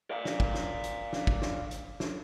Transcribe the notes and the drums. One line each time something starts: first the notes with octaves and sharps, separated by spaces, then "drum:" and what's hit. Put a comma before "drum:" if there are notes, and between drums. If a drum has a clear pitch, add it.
D5 F5
drum: snare
drum: kick
drum: snare
drum: hi-hat
drum: snare
drum: kick
drum: snare
drum: hi-hat
drum: snare